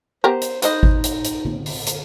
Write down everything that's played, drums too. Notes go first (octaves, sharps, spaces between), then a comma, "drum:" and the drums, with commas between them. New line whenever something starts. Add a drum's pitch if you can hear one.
B3 G4 A#4 C5
drum: hi-hat
D#4 B4 C5 D#5, drum: hi-hat
drum: kick G#1
drum: hi-hat
drum: hi-hat
drum: tom D3
drum: open hi-hat
drum: hi-hat